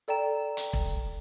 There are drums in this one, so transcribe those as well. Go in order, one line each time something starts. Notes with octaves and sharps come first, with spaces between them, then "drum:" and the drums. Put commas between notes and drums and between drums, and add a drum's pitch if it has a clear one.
A4 D5 G5 A#5 E7
drum: hi-hat
drum: kick E1